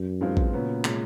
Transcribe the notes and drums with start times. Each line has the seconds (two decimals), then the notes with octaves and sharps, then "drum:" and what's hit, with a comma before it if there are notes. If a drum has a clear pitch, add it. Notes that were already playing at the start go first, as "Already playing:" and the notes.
Already playing: F#2
0.21 G2 E3 G#3 C4 F4
0.37 drum: kick
0.53 A#2 C#3 F#3 B3
0.85 C3 F3 G#3 C#4, drum: clap